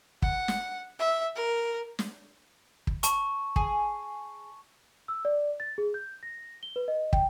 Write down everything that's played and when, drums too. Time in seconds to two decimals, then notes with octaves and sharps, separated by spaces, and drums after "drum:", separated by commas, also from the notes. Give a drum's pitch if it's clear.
0.22 F#5, drum: kick
0.48 drum: snare
0.99 E5
1.36 A#4
1.99 drum: snare
2.87 drum: kick
3.03 A5 C#6, drum: hi-hat
3.56 G#4, drum: kick
5.08 E6
5.25 D5
5.60 A6
5.78 G#4
5.94 G6
6.23 A#6
6.63 G7
6.76 B4
6.88 D#5
7.13 G5, drum: kick